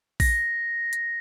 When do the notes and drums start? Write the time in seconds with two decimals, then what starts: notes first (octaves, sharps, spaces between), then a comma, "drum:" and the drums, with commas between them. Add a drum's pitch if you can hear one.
0.20 A#6, drum: kick A#1, open hi-hat
0.93 drum: hi-hat